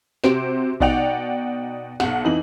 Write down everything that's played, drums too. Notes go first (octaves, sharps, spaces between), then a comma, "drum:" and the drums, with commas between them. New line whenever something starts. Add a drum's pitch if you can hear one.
C3 F#4 G4 C5 D7, drum: snare
B2 D#4 D5 F#5 G5 F7, drum: kick A#1
B1 F#5, drum: snare
F2 E3 D#4 F#7